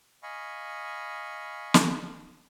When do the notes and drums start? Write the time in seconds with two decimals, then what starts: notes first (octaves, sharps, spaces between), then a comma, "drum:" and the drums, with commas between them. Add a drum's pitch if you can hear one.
0.23 D#5 F5 G#5 B5 C#6
1.74 drum: snare